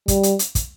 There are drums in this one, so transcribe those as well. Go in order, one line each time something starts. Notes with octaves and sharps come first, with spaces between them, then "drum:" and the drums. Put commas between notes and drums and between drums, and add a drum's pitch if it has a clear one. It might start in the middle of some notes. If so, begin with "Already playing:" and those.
G3, drum: kick, hi-hat
drum: hi-hat
drum: hi-hat
drum: kick, hi-hat